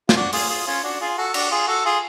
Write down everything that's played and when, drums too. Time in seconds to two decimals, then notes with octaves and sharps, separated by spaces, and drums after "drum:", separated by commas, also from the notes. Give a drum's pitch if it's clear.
0.09 F4, drum: snare
0.16 D4 F#4
0.33 F4 G#4, drum: open hi-hat
0.49 F4 G#4
0.66 C#4 F4
0.83 D4 F#4
1.01 F4 G#4
1.18 F#4 A4
1.34 D4 F#4, drum: cymbal
1.51 F4 G#4
1.68 F#4 A4
1.85 F4 G#4